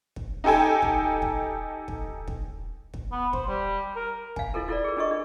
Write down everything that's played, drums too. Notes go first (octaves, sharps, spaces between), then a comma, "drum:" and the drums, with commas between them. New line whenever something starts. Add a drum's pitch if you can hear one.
drum: kick
D#4 G4 A4 G5 G#5
drum: kick
drum: kick
drum: kick
drum: kick
drum: kick
B3
C5, drum: kick
G3
A#4
F5 G#5, drum: kick
E4 F4 A4 A#4
E4 F4 A4 A#4 D5
G#4 A#4
D4 F4 A4 D#5 C#6
D4